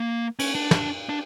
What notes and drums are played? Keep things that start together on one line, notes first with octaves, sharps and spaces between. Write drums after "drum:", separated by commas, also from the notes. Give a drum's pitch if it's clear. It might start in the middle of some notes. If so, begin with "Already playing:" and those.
Already playing: A#3
C#4, drum: cymbal
D4
drum: snare
D4